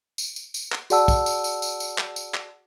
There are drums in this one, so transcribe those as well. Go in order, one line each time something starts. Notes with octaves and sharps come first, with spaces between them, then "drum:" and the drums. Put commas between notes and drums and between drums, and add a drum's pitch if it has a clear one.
drum: tambourine
drum: tambourine
drum: tambourine
drum: clap
F#4 G#4 D5 F#5 A5 E6, drum: tambourine
drum: kick, tambourine
drum: tambourine
drum: tambourine
drum: tambourine
drum: tambourine
drum: clap
drum: tambourine
drum: clap